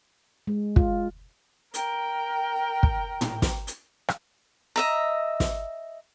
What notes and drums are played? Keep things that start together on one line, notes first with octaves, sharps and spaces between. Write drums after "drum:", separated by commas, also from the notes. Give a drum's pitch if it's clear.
G#3
F4, drum: kick
A#4 G5, drum: hi-hat
drum: kick
drum: tom
drum: snare
drum: hi-hat
drum: rim click
D#5 E5 A#5
drum: snare